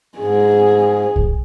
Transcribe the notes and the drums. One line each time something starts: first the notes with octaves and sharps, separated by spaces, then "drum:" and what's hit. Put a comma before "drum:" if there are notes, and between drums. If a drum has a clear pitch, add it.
G#2 G#4
drum: kick